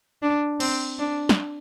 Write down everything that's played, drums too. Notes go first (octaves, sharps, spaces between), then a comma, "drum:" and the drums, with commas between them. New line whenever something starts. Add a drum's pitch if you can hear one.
D4
C4, drum: cymbal
D4
drum: snare